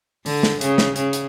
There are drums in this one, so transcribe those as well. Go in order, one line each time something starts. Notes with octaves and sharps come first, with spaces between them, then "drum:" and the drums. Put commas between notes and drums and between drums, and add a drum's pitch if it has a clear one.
D3, drum: open hi-hat
drum: snare
C#3, drum: hi-hat
drum: snare
C#3, drum: hi-hat
drum: hi-hat